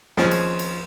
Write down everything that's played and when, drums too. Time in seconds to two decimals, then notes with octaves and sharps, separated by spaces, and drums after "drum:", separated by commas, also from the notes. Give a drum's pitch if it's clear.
0.17 D#2 F3 C4 C#4 G#4, drum: snare
0.31 drum: cymbal
0.59 drum: cymbal